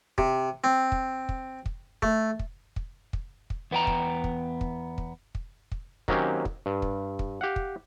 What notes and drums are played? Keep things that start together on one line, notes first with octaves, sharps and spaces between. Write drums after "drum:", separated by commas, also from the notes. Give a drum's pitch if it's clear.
C3, drum: kick
C4
drum: kick
drum: kick
drum: kick
A3, drum: kick
drum: kick
drum: kick
drum: kick
drum: kick
E2 B3 C4 G5 A#5
drum: kick
drum: kick
drum: kick
drum: kick
drum: kick
drum: kick
D#3 F#3 A#3 C4 C#4 G4, drum: kick
drum: kick
G2
drum: kick
drum: kick
G4 F5 F#5
drum: kick